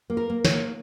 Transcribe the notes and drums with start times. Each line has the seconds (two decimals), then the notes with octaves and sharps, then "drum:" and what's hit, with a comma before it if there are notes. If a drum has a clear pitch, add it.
0.10 A#3
0.17 A#4
0.30 A#3
0.45 C#5, drum: snare
0.51 A#3